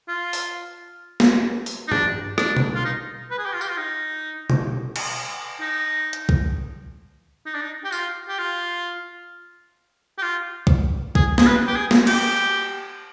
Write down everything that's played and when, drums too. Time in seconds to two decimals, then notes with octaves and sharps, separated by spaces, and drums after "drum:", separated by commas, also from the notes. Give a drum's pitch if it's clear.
0.08 F4
0.33 drum: open hi-hat
1.20 drum: snare
1.66 drum: open hi-hat
1.88 D#4
1.92 D4, drum: tom
2.38 D4, drum: rim click
2.57 drum: tom B2
2.75 F4
2.85 D#4
3.31 B4
3.39 G#4
3.46 G4
3.54 F4
3.61 G4, drum: tambourine
3.69 F4
3.77 D#4
4.50 drum: tom B2
4.96 drum: cymbal
5.61 D#4
6.13 drum: hi-hat
6.29 drum: kick
7.46 D#4
7.54 D4
7.62 D#4
7.84 G4
7.92 F4, drum: tambourine
8.28 G4
8.38 F4
10.18 G4
10.22 F4
10.67 drum: kick
11.15 G#4, drum: kick
11.38 G#4, drum: snare
11.46 B4
11.67 G4
11.76 G#4
11.91 drum: snare
12.07 G4, drum: cymbal